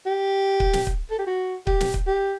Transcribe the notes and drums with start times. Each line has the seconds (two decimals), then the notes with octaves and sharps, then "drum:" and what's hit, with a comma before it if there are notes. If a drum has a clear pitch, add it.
0.06 G4
0.60 drum: kick C#1
0.73 drum: snare
0.87 drum: kick C#1
1.10 A4
1.19 G4
1.27 F#4
1.67 G4, drum: kick C#1
1.80 drum: snare
1.94 drum: kick C#1
2.07 G4